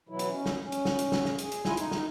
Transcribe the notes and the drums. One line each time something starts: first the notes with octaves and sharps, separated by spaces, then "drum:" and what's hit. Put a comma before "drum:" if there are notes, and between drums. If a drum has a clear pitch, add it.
B2 E3 F#3 E4
drum: hi-hat
C#4
drum: snare
C#4
drum: hi-hat
drum: snare
drum: hi-hat
drum: snare
drum: snare
G#4, drum: hi-hat
drum: hi-hat
D#2 E4 F4 G#5, drum: snare
D#4, drum: hi-hat
drum: snare